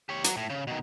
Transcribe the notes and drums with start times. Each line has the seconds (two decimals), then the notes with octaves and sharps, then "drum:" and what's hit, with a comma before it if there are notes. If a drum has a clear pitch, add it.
0.09 G4 C#5
0.24 F#3, drum: hi-hat
0.37 A2
0.50 C#3
0.67 B2 D#3